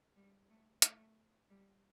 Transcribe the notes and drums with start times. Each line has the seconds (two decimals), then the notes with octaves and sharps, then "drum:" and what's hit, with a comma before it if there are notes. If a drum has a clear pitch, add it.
0.16 G3
0.49 A3
0.82 A3, drum: hi-hat
1.49 G3